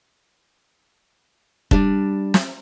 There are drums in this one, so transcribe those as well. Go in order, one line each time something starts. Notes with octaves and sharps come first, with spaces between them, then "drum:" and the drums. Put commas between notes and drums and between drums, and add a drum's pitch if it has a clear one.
G3 D4, drum: kick
drum: snare